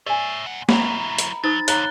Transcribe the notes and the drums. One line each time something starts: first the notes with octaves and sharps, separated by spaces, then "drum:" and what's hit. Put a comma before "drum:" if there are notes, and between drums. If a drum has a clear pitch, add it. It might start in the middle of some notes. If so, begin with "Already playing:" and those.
C#5 D5 E5 G#5
A#2 F#5
F#3 E4 F#5 A#5 B5, drum: snare
drum: hi-hat
F#3 D#4 C5 D#6 A6
F2 D3 C#5 F5 A#5 F#6 G7, drum: hi-hat